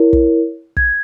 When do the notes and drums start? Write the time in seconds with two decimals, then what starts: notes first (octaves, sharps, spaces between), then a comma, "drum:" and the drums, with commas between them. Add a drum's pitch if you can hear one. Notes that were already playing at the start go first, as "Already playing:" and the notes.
Already playing: E4 A#4 C#5
0.13 drum: kick
0.77 G#6, drum: kick